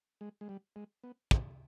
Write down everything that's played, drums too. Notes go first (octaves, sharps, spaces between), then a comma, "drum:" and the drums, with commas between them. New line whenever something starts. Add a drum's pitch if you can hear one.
G#3
G#3
G3
G#3
B3
C4, drum: kick